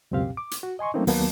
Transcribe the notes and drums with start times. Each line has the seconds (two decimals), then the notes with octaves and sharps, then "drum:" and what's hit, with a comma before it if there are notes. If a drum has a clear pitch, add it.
0.11 C#2 F#2 B2 C4 G4 F5
0.37 D6
0.51 drum: hi-hat
0.63 F#4
0.79 D#5 G#5 C6 C#6
0.94 F#3 A3 A#3 C4 C#4 D#4
1.07 D#2 F#3 A#3 B3 A5, drum: open hi-hat